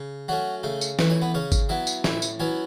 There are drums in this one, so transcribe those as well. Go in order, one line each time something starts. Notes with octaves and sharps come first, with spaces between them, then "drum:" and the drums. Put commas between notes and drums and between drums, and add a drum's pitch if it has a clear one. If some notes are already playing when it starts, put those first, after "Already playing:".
Already playing: C#3
F#3 A3 C#4 F#4
C#3 A3 A4
drum: tambourine
E3 A3 E4 B4, drum: snare
C#5
B3 B4
C#3 C#4 C#5
drum: kick G#1, tambourine
F#3 B3 E4 E5
drum: tambourine
A2 E4 E5, drum: snare
drum: tambourine
F#3 B3 C#4 E4 C#5